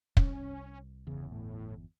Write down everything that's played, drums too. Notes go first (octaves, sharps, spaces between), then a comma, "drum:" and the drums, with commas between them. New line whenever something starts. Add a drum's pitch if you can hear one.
C2 C#4, drum: kick
G1 E2 C#3
A2